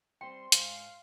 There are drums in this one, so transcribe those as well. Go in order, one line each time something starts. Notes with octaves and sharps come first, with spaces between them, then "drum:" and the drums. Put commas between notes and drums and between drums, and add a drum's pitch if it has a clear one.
G3 C4 G5 C6
G#2 F5, drum: hi-hat